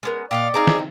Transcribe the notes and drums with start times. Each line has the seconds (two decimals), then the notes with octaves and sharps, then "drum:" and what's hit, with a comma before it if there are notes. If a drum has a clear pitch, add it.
0.03 G#3 B3 C#4 A#4
0.31 A#2 G4 D5 D#5 F5 F#5
0.54 C4 D#4 G#4 F5 A#5 D6
0.67 drum: snare